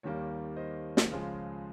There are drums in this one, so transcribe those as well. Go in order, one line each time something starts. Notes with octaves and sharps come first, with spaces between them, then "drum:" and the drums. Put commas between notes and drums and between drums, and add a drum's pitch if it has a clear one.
D#2 D#3 G3 A#3 C#5
C5 D#5
drum: snare
C#2 C#3 F3 G#3